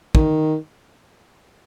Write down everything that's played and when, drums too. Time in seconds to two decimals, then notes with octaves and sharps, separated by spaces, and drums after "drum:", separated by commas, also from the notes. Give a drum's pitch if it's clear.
0.15 D#3, drum: kick